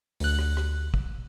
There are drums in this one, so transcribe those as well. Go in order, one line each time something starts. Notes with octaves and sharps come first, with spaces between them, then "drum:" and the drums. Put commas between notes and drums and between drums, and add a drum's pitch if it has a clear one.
D2 F#6, drum: open hi-hat
drum: rim click
drum: rim click
drum: kick